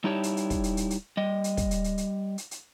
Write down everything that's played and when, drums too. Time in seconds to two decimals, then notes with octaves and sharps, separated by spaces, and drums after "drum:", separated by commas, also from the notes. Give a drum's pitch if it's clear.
0.04 G3 D#4 E4 G4 C#5 A5
0.23 drum: hi-hat
0.37 drum: hi-hat
0.50 drum: kick, hi-hat
0.64 drum: hi-hat
0.77 drum: hi-hat
0.90 drum: hi-hat
1.17 G3 D#5
1.44 drum: hi-hat
1.57 drum: kick, hi-hat
1.71 drum: hi-hat
1.84 drum: hi-hat
1.98 drum: hi-hat
2.38 drum: hi-hat
2.51 drum: hi-hat